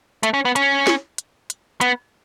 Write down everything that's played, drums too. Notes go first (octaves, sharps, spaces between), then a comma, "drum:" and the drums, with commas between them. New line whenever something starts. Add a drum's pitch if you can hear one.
A3, drum: hi-hat
C#4
B3
C#4, drum: hi-hat
drum: snare
drum: hi-hat
drum: hi-hat
B3, drum: hi-hat